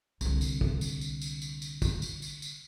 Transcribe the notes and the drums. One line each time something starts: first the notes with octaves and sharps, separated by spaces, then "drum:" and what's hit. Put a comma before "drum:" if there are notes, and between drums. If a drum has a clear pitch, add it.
C2 D3, drum: tambourine
drum: tambourine
drum: kick
drum: tambourine
drum: tambourine
drum: tambourine
drum: tambourine
drum: tambourine
drum: kick, tambourine
drum: tambourine
drum: tambourine
drum: tambourine